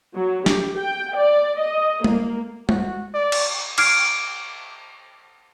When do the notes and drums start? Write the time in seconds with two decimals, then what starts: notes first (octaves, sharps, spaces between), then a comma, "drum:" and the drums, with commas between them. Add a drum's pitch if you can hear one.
0.14 F#3
0.46 G4, drum: snare
0.78 G5
1.16 D5
1.59 D#5
2.04 A#3, drum: tom G#3
2.69 F#4, drum: tom G#3
3.14 D5
3.32 drum: cymbal
3.78 D6 F6 G#6 C7 D7, drum: cymbal